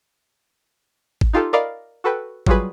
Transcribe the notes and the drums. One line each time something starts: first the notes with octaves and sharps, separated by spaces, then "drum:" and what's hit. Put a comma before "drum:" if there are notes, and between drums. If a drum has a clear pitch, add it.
drum: kick G#1
D#4 F4 G4 A4
A#4 D5 D#5 F5 B5
F#4 A4 B4 G5
F#3 G3 F4 F#4 G#4 B4, drum: kick G#1